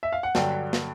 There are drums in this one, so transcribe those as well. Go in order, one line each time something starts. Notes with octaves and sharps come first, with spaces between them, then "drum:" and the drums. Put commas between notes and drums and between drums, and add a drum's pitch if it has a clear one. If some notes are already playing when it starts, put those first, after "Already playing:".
E5
F5
F#5
G2 D3 F#3 G5, drum: snare
drum: snare